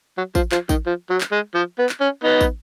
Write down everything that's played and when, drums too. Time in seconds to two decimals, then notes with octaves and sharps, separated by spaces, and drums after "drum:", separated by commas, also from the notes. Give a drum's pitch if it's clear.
0.17 F#3
0.35 F3, drum: kick, tambourine
0.52 F3, drum: clap
0.69 D#3, drum: kick, tambourine
0.86 F3
1.10 F#3
1.21 drum: clap
1.32 G#3
1.54 F3
1.78 B3
1.89 drum: clap
2.00 C#4
2.24 B3 D#4
2.41 drum: kick, tambourine